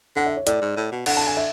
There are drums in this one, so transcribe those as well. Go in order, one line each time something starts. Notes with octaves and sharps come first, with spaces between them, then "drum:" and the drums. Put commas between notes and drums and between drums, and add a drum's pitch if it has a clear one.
D3 F#5
E5
C#5
A2 D5, drum: hi-hat
G#2
A2
B2
D3 F#5, drum: cymbal
A5
G#5
E5